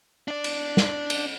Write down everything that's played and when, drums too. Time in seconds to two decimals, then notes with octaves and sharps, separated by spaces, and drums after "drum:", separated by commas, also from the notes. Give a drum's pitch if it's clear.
0.28 D4 D5
0.44 drum: cymbal
0.77 drum: snare
1.10 drum: cymbal